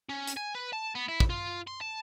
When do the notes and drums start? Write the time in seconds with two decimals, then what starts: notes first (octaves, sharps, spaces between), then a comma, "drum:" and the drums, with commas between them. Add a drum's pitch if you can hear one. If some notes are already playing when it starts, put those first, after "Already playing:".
0.09 C#4
0.27 drum: hi-hat
0.37 G#5
0.55 B4
0.73 A5
0.95 B3
1.08 E4
1.20 drum: kick
1.30 F4
1.67 C6
1.81 A5